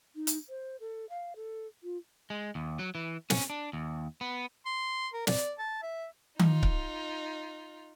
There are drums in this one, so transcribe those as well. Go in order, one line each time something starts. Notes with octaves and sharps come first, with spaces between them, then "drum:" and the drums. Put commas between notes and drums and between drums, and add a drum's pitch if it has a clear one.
D#4
drum: hi-hat
C5
A4
F5
A4
F4
G#3
D#2
F#3
E3
C#4, drum: snare
D4
D#2
B3
C6
A#4
D5, drum: snare
A5
E5
D#4 F4, drum: tom D#3
drum: kick C#1